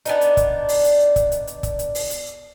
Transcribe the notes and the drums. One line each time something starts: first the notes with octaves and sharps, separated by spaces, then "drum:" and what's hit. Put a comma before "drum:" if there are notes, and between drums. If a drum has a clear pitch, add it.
B3 D4 D#4, drum: hi-hat
drum: hi-hat
drum: kick, hi-hat
drum: open hi-hat
drum: hi-hat
drum: kick, hi-hat
drum: hi-hat
drum: hi-hat
drum: kick, hi-hat
drum: hi-hat
drum: open hi-hat
drum: hi-hat